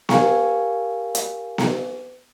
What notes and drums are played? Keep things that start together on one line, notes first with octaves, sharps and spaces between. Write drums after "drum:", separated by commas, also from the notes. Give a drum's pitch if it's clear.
G4 A#4 F5 G#5 C#6, drum: snare B3
drum: hi-hat
drum: snare B3